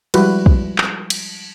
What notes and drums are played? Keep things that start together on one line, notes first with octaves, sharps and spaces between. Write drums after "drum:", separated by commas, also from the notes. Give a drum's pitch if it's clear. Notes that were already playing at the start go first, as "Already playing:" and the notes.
F3 G3 G#3 E4 F#4 B4, drum: cymbal
drum: kick
drum: clap
drum: cymbal